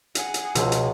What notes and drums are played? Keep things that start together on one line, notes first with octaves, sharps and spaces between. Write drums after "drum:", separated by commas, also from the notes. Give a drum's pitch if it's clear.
G#4 F#5, drum: hi-hat
drum: hi-hat
C#2 B2 F3 E6, drum: hi-hat
drum: hi-hat